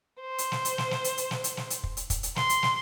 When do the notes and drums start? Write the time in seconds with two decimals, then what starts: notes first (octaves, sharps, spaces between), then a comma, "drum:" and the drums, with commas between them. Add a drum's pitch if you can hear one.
0.20 C5
0.38 drum: hi-hat
0.52 drum: snare
0.65 drum: hi-hat
0.78 drum: snare
0.91 drum: snare
1.04 drum: hi-hat
1.18 drum: hi-hat
1.31 drum: snare
1.44 drum: hi-hat
1.57 drum: snare
1.70 drum: hi-hat
1.84 drum: kick
1.97 drum: hi-hat
2.10 drum: kick, hi-hat
2.23 drum: hi-hat
2.36 C6, drum: snare
2.49 drum: hi-hat
2.63 drum: snare